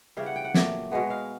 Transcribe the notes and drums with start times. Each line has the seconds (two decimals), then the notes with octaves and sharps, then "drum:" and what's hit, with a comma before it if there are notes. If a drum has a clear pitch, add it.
0.17 C#3 E3 G3 F5
0.26 F#5
0.36 G5
0.44 F#5
0.54 A#2 F#3 A3 G5, drum: snare
0.92 B2 G#3 B3 F#5
1.10 F5